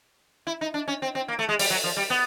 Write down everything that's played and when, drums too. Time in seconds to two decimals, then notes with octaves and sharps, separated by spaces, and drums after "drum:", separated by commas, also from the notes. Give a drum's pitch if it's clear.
0.47 E4
0.61 D#4
0.74 D4
0.88 C#4
1.02 C4
1.15 C4
1.28 A#3
1.39 A3
1.49 G#3
1.59 G3, drum: open hi-hat
1.70 F#3
1.84 F3
1.97 G3
2.10 B3